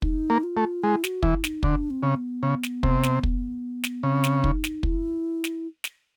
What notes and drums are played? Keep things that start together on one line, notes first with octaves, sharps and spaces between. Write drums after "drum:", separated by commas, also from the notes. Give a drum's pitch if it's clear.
D#4, drum: kick
A#3
F4
A3
G#3 E4
F#4, drum: snare
E3 E4, drum: kick
D#4, drum: snare
D3 D4, drum: kick
C4
C#3
B3
C#3
drum: snare
C3, drum: kick
drum: snare
drum: kick
drum: snare
C#3 C4
drum: snare
D#4, drum: kick
drum: snare
E4, drum: kick
drum: snare
drum: snare